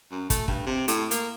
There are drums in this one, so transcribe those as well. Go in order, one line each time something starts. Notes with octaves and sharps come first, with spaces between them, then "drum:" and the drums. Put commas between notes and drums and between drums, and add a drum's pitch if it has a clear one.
F#2
A3, drum: kick, hi-hat
G2, drum: kick
C3
A2, drum: hi-hat
A#3, drum: hi-hat